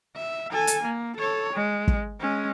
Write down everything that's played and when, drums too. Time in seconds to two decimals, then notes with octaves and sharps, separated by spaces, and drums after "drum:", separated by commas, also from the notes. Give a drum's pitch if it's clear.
0.16 E5
0.51 A4 G#5
0.67 drum: hi-hat
0.83 A#3
1.17 A4 C#5
1.53 G#3
1.88 drum: kick
2.21 G#3 C#4